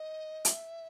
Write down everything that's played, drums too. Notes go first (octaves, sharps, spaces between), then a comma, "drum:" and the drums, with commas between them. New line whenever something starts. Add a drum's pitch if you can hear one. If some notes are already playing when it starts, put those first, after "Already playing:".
Already playing: D#5
E5, drum: hi-hat